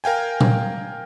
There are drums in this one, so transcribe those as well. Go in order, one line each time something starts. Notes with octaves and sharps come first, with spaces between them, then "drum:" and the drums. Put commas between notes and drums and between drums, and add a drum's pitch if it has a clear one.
A#4 F5 G5 G#5
drum: tom A#2